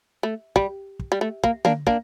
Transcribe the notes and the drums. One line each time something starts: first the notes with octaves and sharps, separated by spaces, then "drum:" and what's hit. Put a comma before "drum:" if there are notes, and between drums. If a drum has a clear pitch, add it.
A3
G3, drum: kick
drum: kick
G3
A3
A#3, drum: kick
A#3 D4, drum: tom D3
A#3 D4, drum: kick